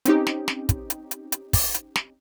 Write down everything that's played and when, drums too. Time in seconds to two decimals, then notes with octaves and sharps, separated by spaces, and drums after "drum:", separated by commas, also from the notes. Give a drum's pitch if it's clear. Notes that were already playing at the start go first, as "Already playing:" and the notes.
0.05 C4 C#4 D#4 G4, drum: hi-hat
0.27 drum: snare
0.48 drum: snare
0.69 drum: kick, hi-hat
0.90 drum: hi-hat
1.11 drum: hi-hat
1.32 drum: hi-hat
1.53 drum: kick, open hi-hat
1.74 drum: hi-hat
1.96 drum: snare